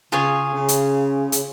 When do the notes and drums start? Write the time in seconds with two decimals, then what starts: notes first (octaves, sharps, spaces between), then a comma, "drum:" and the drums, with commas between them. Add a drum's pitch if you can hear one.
0.12 C#3 F4 G#4 C#5
0.54 C#3
0.68 drum: hi-hat
1.32 drum: hi-hat